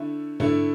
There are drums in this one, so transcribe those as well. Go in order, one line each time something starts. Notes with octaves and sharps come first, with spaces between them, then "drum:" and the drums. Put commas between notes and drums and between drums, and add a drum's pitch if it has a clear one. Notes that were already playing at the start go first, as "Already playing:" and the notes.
Already playing: D3 A3 E4
D3 A3 E4, drum: tom G#2